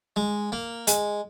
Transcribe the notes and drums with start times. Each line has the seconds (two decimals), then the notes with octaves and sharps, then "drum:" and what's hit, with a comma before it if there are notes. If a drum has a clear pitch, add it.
0.16 G#3
0.52 A#3
0.87 G#3, drum: hi-hat